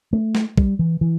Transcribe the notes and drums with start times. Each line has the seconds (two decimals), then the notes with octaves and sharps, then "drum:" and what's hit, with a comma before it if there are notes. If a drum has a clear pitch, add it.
0.13 A3
0.35 drum: snare
0.58 G3, drum: kick
0.79 E3
1.01 E3